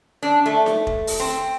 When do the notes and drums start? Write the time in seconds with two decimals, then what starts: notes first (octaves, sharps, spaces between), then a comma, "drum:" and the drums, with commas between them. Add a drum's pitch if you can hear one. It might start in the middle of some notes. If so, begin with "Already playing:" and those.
0.23 D4
0.46 A3
0.66 drum: snare D#4
0.87 drum: kick E1
1.07 drum: open hi-hat
1.20 C4